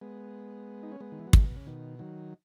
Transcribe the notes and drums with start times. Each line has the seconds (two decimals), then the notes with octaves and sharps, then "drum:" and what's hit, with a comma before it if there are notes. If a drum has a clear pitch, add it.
0.01 G#3 B3
0.83 D#4
0.92 C#4
1.00 G#3 B3
1.12 D#3
1.19 E3
1.27 F#3
1.33 E3 G#3, drum: kick
1.44 B2
1.56 C#3
1.67 B2 D#3
1.99 D#3 F#3